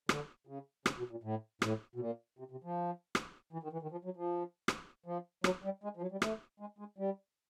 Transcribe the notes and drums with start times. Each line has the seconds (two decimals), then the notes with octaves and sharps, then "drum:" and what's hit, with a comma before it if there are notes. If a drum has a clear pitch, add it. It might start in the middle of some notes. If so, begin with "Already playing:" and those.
0.09 D3, drum: rim click
0.47 C#3
0.86 C#3, drum: rim click
0.98 B2
1.11 A#2
1.23 A2
1.62 A2, drum: rim click
1.95 B2
2.00 A#2
2.39 C3
2.51 C3
2.64 F3
3.15 drum: rim click
3.53 E3
3.63 D#3
3.73 E3
3.82 D#3
3.91 F3
4.05 F#3
4.16 F3
4.68 drum: rim click
5.06 F3
5.44 F#3, drum: rim click
5.64 G3
5.84 G#3
5.97 F3
6.02 F#3
6.12 G3
6.22 A3, drum: rim click
6.60 G#3
6.78 G#3
6.98 G3